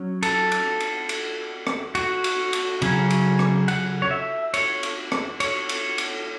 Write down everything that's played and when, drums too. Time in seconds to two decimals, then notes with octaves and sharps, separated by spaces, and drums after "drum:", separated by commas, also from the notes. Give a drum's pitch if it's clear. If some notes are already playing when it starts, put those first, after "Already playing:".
Already playing: F#3 C#4
0.23 A4, drum: cymbal
0.52 drum: cymbal
0.80 drum: cymbal
1.09 drum: cymbal
1.67 drum: rim click
1.95 F#4, drum: cymbal
2.24 drum: cymbal
2.53 drum: cymbal
2.82 C#3 F#3 C#4, drum: cymbal
3.10 drum: cymbal
3.39 drum: rim click
3.68 F#5, drum: cymbal
4.02 C#5
4.11 E5
4.54 C#5, drum: cymbal
4.83 drum: cymbal
5.12 drum: rim click
5.40 C#5, drum: cymbal
5.69 drum: cymbal
5.98 drum: cymbal